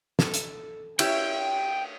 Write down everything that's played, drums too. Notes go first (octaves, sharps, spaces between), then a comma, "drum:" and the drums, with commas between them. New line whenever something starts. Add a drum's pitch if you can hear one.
A4, drum: snare
drum: hi-hat
C#4 E4 G4 G5, drum: cymbal